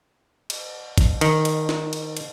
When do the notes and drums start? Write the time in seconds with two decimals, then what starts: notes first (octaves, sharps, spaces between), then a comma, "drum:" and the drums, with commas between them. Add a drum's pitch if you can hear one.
0.50 drum: cymbal
0.98 drum: kick, cymbal
1.21 D#3, drum: cymbal
1.45 drum: cymbal
1.69 drum: snare
1.93 drum: cymbal
2.17 drum: cymbal